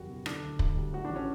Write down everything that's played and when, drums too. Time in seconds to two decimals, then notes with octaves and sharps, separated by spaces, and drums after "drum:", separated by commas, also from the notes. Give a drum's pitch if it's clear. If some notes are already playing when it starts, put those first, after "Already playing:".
Already playing: F#1 E2 G3 F#4
0.10 B2
0.26 D3 D4, drum: rim click
0.44 D2
0.59 D2, drum: kick
0.77 G3
0.93 A2 F#4
1.05 A1 D4
1.16 C#4